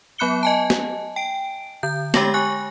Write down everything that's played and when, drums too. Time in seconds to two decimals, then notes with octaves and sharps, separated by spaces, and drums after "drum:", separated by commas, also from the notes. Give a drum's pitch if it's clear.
0.18 F#3 B3 B5 F#6 C#7 G7
0.43 D#5 G#5 A5
0.70 drum: snare
1.16 G5 D7
1.83 D3 G6
2.14 G#3 G4 G5 D6 A#6 F#7, drum: snare
2.34 G#5 C#6 F#6